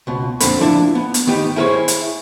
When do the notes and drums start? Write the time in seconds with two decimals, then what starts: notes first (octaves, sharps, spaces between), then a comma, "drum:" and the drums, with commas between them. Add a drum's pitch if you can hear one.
0.07 C#2 B2
0.40 F2 A#2 D3 C4 B5, drum: hi-hat
0.60 F3 D4 E4
0.95 B3
1.14 drum: hi-hat
1.27 D#3 B3 D#4 G4
1.56 E4 G#4 A#4 C5 C#5
1.88 drum: hi-hat